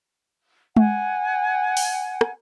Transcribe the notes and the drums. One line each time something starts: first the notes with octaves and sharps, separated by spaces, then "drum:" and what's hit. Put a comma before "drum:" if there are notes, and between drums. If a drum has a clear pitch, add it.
F#5 G#5, drum: tom G#3
drum: open hi-hat
drum: rim click